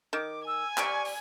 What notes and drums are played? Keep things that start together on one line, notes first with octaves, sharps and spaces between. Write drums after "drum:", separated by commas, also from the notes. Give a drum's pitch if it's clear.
D#3 D6
G#5 E6
G4 D5 C#6, drum: clap
drum: open hi-hat